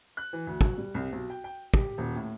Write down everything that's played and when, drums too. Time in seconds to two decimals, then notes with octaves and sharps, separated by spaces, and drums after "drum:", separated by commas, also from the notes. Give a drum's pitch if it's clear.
0.17 F#6
0.33 E3
0.47 D2
0.61 F#3, drum: kick
0.77 G3
0.94 C2
1.12 B1
1.30 G5
1.44 G5
1.74 G4, drum: kick
1.98 D#1
2.16 A2